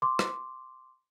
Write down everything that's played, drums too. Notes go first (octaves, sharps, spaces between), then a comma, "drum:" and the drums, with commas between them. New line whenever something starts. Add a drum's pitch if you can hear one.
C6 D6
drum: rim click